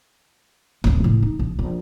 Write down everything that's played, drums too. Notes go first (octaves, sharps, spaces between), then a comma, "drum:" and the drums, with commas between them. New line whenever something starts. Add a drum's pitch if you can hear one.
D1 A#3, drum: kick
A2 D3
D#4
A#1
A#1